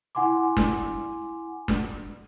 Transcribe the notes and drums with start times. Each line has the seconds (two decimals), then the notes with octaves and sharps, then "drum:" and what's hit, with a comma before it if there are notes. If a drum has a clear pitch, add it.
0.15 E4 F#5 G#5 C6 D6
0.57 drum: snare
1.68 drum: snare